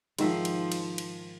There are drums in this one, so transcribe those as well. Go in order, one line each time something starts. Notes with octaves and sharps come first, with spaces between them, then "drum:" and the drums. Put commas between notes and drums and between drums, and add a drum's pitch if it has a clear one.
G#2 D#3 F3 E5, drum: cymbal
drum: cymbal
drum: cymbal
drum: cymbal